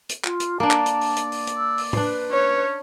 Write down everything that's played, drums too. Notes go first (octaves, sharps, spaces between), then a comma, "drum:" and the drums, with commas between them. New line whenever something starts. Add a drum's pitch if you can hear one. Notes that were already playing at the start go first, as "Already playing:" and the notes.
drum: hi-hat
F4, drum: clap
drum: hi-hat
A#3 D4 D5 A5
drum: clap
drum: hi-hat
drum: open hi-hat
drum: hi-hat
drum: open hi-hat
drum: hi-hat
E6
drum: open hi-hat
D4 B4 C5, drum: tom A2
C#4 C#5